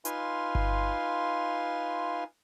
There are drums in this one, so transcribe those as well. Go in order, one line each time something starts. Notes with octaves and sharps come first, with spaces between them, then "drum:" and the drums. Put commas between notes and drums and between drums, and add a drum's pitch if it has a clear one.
D#4 F4 B4 F5 G#5 C6, drum: hi-hat
drum: kick G1